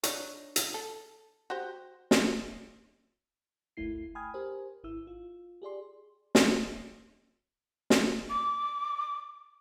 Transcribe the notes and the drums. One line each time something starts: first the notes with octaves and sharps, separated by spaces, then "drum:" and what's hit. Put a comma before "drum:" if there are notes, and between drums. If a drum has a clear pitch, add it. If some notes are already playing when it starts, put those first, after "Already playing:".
D4 D#4 C#5, drum: hi-hat
drum: hi-hat
A4
F#4 G4 C5
drum: snare
G1 D2 A3 E4 C7
G5 G#5 B5 D#6 F6 G#6
G4 A#4 C5 G#5
G#1 E4 E6
F4
G4 G#4 D5 C6
drum: snare
drum: snare
D6